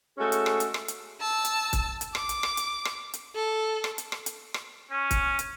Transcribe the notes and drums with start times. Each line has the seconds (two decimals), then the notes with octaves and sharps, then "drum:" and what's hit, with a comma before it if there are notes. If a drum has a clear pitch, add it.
0.18 G#3 A3 C#4 F#4 G#4 A4
0.32 drum: hi-hat
0.46 drum: rim click
0.60 drum: hi-hat
0.74 drum: rim click
0.88 drum: hi-hat
1.21 A5 E6
1.45 drum: hi-hat
1.73 drum: kick, hi-hat
2.01 drum: hi-hat
2.15 D6, drum: rim click
2.29 drum: hi-hat
2.43 drum: rim click
2.57 drum: hi-hat
2.85 drum: rim click
3.14 drum: hi-hat
3.36 A4
3.84 drum: rim click
3.98 drum: hi-hat
4.12 drum: rim click
4.26 drum: hi-hat
4.54 drum: rim click
4.91 C#4
5.11 drum: kick, hi-hat
5.39 drum: hi-hat